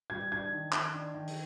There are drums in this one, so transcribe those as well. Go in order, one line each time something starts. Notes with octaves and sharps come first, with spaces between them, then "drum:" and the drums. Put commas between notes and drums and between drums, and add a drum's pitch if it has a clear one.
G3 G#6
D4 G#6
D#3
D#3, drum: clap
D4
D#3
drum: open hi-hat